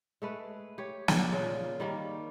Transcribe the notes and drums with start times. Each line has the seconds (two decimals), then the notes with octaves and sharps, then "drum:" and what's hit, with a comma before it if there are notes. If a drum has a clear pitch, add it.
0.22 G#3 A3 B4
0.78 G4 C#5
1.08 D4 G#4, drum: snare
1.32 A#2 C#3 F4
1.80 D#3 G3 A#3